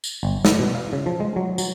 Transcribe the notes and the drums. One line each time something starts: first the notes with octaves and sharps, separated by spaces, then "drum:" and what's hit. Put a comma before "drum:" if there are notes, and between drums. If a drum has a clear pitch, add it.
drum: tambourine
G1
D5, drum: snare
B2
F5
C#3
F3
G#3
F#3
F#3, drum: tambourine